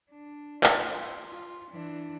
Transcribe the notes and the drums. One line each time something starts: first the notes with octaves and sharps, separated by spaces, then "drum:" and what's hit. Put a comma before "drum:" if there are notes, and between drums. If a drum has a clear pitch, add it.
D4
F4, drum: clap
F4
E3 D4